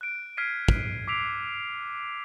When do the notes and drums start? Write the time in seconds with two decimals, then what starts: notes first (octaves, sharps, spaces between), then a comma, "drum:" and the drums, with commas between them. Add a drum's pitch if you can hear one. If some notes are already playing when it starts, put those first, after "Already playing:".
0.01 F#6 D7
0.37 F6 G#6 B6 C7 D7 D#7
0.68 drum: kick
1.08 D6 E6 B6 C7 D7 F7